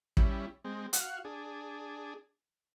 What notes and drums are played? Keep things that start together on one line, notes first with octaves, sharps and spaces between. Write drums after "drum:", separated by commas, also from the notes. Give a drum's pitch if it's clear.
G3 C#4 E4, drum: kick
G#3 C4
F#4 F5 F#5, drum: hi-hat
D4 G#4